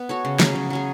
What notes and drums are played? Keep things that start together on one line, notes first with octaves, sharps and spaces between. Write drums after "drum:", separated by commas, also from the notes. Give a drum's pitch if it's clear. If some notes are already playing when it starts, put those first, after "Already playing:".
Already playing: B3
F#4 A4 C#5
C#3
F#3 C#4 G#4, drum: snare
C#3
F#3 C#4 G#4